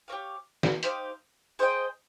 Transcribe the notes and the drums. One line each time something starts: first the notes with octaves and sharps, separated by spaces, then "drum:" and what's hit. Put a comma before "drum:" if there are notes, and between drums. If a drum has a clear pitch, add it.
G4 A#4 C#5 F5
drum: snare
D#4 G4 C5 F5, drum: hi-hat
G#4 C5 D#5 G5